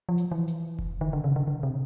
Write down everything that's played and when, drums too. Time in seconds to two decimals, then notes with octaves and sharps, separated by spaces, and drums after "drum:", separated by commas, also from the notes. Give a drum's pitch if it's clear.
0.09 F3
0.18 drum: hi-hat
0.31 E3
0.48 drum: hi-hat
0.79 drum: kick F1
1.01 D#3
1.13 D3
1.24 C#3
1.36 D3
1.47 D3
1.63 C3